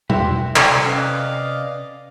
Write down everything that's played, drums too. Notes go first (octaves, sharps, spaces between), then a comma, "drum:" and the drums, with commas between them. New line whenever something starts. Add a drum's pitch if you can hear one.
E4 F#4 G4 E5 C6, drum: tom B2
C3 C4 A4 G5, drum: clap
C#4 B4 D5 D#5 F5